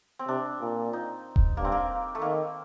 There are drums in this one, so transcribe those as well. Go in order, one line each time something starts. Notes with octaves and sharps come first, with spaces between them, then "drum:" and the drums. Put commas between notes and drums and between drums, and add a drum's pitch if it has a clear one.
C4
C3 D4
A#2
D#4
drum: kick D#1
G2 A#3
C4
A#3
A3
D#3 A#3